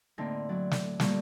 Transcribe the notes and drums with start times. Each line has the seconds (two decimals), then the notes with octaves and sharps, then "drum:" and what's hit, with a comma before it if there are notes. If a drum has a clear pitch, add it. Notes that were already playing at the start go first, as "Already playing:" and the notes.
0.18 A2 D3 A#3 C4 D#4
0.49 F#3 D5
0.71 drum: snare
1.00 A#2 D3 G3 A#3 G4 C#6, drum: snare